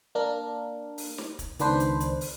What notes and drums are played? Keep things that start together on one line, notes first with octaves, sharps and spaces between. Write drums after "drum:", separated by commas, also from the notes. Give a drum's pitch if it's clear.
A#3 D4 A#4
drum: open hi-hat
drum: snare
drum: kick, hi-hat
C#2 D#3 B3 D4 B4 C5, drum: hi-hat
drum: hi-hat
drum: hi-hat
drum: open hi-hat